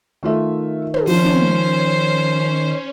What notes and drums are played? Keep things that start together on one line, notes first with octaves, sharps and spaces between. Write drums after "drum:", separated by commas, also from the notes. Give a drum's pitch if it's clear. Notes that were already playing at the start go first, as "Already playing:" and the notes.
D#3 A3 F4 E5
drum: tom
F3 C#4 C5, drum: open hi-hat
drum: tom